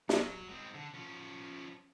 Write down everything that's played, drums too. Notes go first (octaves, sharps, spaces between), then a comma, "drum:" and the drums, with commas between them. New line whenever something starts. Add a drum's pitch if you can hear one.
F#3, drum: snare
G#3 C4
D3
F3 C#4